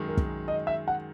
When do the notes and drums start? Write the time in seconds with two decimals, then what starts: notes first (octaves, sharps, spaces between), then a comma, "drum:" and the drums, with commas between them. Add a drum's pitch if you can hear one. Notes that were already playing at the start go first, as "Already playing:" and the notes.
Already playing: F#2 D#3 G#3
0.08 A#4
0.17 drum: kick
0.48 D#5
0.67 E5
0.88 F#5